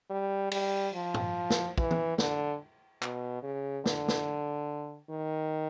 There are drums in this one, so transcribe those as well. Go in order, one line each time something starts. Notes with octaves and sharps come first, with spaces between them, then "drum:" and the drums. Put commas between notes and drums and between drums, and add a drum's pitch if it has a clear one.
G3
G3, drum: cymbal
F3
drum: tom G2
drum: snare
E3, drum: kick
drum: tom
D3, drum: snare
B2, drum: clap
C#3
D3, drum: snare
drum: snare
D#3